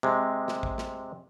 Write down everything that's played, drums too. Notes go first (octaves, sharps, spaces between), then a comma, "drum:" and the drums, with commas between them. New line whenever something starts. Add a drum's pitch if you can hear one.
C3 G#3
drum: snare
drum: kick
drum: snare